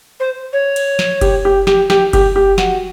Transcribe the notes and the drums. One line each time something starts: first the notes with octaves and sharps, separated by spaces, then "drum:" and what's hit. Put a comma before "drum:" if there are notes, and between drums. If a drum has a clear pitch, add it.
C5
C#5
drum: cymbal
drum: snare
G4, drum: kick F#1, cymbal
G4
G4, drum: snare
G4, drum: snare
G4, drum: kick F#1, cymbal
G4
F#4, drum: snare